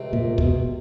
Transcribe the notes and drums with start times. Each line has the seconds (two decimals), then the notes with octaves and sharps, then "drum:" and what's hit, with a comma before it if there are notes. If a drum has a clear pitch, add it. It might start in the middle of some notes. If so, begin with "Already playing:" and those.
Already playing: C#2 C3
0.13 A#2
0.38 B2, drum: kick